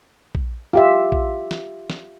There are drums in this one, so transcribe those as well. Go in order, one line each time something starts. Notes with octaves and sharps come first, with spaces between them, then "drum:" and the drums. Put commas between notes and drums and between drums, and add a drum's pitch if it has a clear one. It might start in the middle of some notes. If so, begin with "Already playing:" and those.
drum: kick A#1
F4 G4 E5
drum: kick A#1
drum: snare
drum: snare